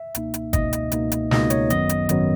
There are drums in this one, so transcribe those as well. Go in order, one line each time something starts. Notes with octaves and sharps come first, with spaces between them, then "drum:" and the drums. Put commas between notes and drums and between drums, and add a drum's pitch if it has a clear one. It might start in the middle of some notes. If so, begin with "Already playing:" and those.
Already playing: E5
C#2 B2 A#3 D#4, drum: hi-hat
drum: hi-hat
C#2 B2 A#3 D#4 D#5, drum: kick, hi-hat
drum: hi-hat
C#2 B2 A#3 D#4, drum: hi-hat
drum: hi-hat
C#2 B2 A#3 D#4 D#5, drum: snare
C#5, drum: hi-hat
G#1 F#2 D#3 F#3 B3 D#5, drum: hi-hat
drum: hi-hat
G#1 F#2 D#3 F#3 B3, drum: hi-hat